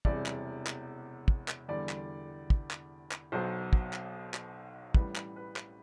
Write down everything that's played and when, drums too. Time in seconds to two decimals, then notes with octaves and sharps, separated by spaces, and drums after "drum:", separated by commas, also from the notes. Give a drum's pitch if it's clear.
0.05 E1 E2 C3 G3 D5, drum: kick
0.26 drum: clap
0.67 drum: clap
1.28 drum: kick
1.48 drum: clap
1.69 E2 D3 G3 D5
1.89 drum: clap
2.50 drum: kick
2.71 drum: clap
3.11 drum: clap
3.32 B1 B2 F#3 C5
3.73 drum: kick
3.93 drum: clap
4.34 drum: clap
4.94 A1 A2 G3 B4, drum: kick
5.15 drum: clap
5.36 B4
5.56 drum: clap